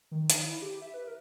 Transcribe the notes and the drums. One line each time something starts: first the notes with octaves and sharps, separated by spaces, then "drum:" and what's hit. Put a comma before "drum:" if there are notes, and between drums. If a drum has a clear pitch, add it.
D#3
D#4, drum: hi-hat
E4
G4
E5
B4
A#4